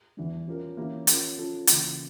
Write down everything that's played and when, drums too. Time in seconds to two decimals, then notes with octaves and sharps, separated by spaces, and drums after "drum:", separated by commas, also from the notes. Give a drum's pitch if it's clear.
0.17 E2 E3 G3
0.48 F3 C#4 G4 A#4
0.77 E3 A#3 C#4 E4 G4
1.07 F3 C#4 F4 A#4, drum: hi-hat
1.37 F3 C#4 F4 A4
1.67 C#3 E3 A#3 E4, drum: hi-hat